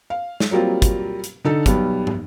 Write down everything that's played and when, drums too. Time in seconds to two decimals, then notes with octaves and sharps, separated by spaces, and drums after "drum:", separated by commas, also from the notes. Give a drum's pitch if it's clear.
0.10 F5
0.40 drum: snare
0.51 F#3 G3 A#3 C4 F4
0.82 drum: kick, hi-hat
1.24 drum: hi-hat
1.45 D3 D#4 A4
1.66 B1 G3 B3, drum: kick, hi-hat
2.07 drum: tom